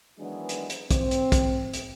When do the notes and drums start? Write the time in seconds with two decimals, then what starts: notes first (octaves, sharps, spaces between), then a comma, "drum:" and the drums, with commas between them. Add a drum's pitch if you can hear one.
0.20 D#3 E3 F#3 G#3 B3 D4
0.49 drum: hi-hat
0.70 drum: hi-hat
0.91 C4, drum: kick, hi-hat
1.11 drum: hi-hat
1.32 drum: kick, hi-hat
1.74 drum: hi-hat